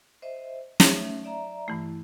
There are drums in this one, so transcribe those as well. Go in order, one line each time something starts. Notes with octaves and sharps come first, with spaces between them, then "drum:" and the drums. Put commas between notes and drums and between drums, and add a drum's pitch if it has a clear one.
C5 D#5 E5
F#3 A3 C#4 D#4 C#5 E5, drum: snare
D5 E5 A#5
G2 E3 A3 E4